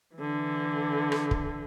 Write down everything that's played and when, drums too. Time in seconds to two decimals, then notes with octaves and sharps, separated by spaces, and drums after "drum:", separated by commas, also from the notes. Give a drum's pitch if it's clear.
0.16 D3 E3
1.12 drum: rim click
1.31 drum: kick